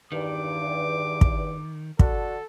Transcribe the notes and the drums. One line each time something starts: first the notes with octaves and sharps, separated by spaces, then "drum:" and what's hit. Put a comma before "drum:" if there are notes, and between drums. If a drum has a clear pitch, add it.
E2 G2 D#3 D6
drum: kick
D3 F#4 A4, drum: kick